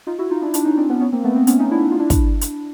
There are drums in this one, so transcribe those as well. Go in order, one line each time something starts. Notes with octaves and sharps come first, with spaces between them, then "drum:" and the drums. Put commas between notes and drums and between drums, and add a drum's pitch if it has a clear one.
D#4 F4
E4 F#4
D#4 F4
D4 E4
D4 E4, drum: hi-hat
C#4 D#4
C4 D4
B3 C#4
B3 C#4
A#3 C4
A3 B3
A#3 C4
B3 C#4, drum: hi-hat
C#4 D#4
D4 E4
E4
F4
D4 E4
drum: kick, hi-hat
drum: hi-hat